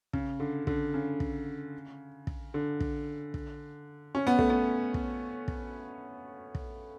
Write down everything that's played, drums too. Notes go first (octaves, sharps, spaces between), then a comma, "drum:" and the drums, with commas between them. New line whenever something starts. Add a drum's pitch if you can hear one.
C#3, drum: kick
D3
D3, drum: kick
C#3
drum: kick
drum: kick
D3
drum: kick
drum: kick
C#4
B3
A3, drum: kick
B3
drum: kick
drum: kick
drum: kick